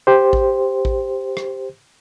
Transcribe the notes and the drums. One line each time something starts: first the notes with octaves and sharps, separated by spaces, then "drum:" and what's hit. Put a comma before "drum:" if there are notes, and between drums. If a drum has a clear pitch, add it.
G4 C5
drum: kick A1
drum: kick A1
drum: rim click